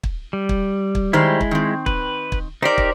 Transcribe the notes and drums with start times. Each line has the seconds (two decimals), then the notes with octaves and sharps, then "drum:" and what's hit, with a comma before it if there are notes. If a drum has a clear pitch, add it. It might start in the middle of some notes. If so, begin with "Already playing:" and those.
0.04 drum: kick
0.33 G3
0.49 drum: kick
0.95 drum: kick
1.13 D#3 G3 G#3 E4 C5
1.41 drum: kick
1.51 D#3 C4
1.86 B4, drum: kick
2.32 drum: kick
2.62 D#4 G4 A#4 C5 D5
2.78 drum: kick